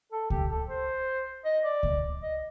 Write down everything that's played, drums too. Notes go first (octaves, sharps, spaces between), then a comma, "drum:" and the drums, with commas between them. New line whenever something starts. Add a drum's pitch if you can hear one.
A4
G4, drum: kick C#2
A4
C5
D#5
D5
drum: kick C#2
D#5